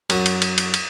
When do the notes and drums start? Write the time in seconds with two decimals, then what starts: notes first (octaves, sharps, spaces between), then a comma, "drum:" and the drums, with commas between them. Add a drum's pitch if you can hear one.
0.10 F#2 F#4, drum: cymbal
0.26 drum: cymbal
0.42 drum: cymbal
0.58 drum: cymbal
0.74 drum: cymbal